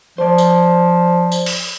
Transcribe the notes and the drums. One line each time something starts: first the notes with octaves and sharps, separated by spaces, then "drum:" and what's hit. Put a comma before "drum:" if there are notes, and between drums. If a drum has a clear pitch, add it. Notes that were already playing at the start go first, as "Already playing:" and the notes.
F3 C5 D5
drum: tambourine
drum: tambourine
drum: open hi-hat